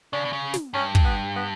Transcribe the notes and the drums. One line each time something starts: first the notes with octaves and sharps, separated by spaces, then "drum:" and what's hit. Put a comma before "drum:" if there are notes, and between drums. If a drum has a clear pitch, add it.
C#3 D4
B2
C#3
drum: snare
G2 C#4
drum: kick
B3
B3